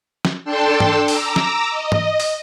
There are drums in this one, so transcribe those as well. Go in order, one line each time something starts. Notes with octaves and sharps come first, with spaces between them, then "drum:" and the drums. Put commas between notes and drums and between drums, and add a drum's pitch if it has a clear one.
drum: snare
D4 A4 G5 A5 C6
drum: tom
A#5 D6 E6, drum: open hi-hat
drum: snare
D#5
drum: tom
drum: open hi-hat